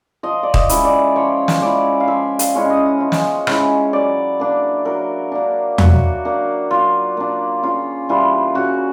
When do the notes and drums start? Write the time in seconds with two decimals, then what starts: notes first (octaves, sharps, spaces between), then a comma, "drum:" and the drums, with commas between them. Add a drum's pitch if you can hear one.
0.23 F3 D#5
0.43 D5
0.54 D#5, drum: kick D#1
0.69 G#3 C#4 E4, drum: hi-hat
0.85 D5
1.16 F3 C#5
1.48 drum: snare
1.62 G#3 C#4 E4 D5
2.00 F5
2.08 F3 E5
2.39 F5, drum: hi-hat
2.55 G#3 C#4 E4
2.70 D#5
3.00 F3
3.12 drum: snare
3.47 G#3 C#4 E4, drum: rim click
3.93 F#3 D5
4.40 A#3 D4
4.85 F#3 A#4
5.32 A#3 D4
5.78 F#3 F#4, drum: tom E2
6.25 A#3 D4
6.70 F#3 F4
7.17 A#3 D4
7.63 C#3 F4
8.09 E3 G3 F4
8.55 C#3 F#4